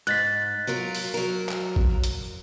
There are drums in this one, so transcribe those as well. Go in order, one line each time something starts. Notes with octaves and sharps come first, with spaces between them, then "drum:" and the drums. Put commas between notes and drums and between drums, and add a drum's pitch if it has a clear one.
G#2 F#6 A6 B6
F#3 F4 A#4
drum: open hi-hat
F#3 A#4
drum: clap
drum: kick
drum: hi-hat